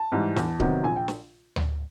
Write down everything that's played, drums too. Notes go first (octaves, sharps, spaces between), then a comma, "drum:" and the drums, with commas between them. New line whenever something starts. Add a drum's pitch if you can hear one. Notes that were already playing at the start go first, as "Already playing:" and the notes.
Already playing: A5
G#2 E3 G3
E2, drum: snare
C3 D#3 F#3 B3, drum: kick C#1
A#1 G#5
G5
drum: snare
drum: tom D2